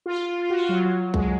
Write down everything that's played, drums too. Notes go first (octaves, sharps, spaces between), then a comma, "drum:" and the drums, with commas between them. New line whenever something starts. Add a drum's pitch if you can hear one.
F4
F4
F#4
F4
F#3
G#3, drum: kick B1